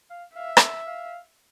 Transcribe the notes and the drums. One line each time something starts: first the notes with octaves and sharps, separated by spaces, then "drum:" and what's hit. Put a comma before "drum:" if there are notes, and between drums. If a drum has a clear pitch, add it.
F5
E5 F5
drum: rim click
F5